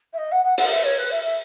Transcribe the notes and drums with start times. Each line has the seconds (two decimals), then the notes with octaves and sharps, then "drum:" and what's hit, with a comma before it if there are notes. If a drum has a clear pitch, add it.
0.13 E5
0.18 D#5
0.31 F#5
0.44 F#5
0.58 F#5, drum: open hi-hat
0.65 D#5
0.71 E5
0.84 C#5
0.98 B4
1.10 E5
1.23 E5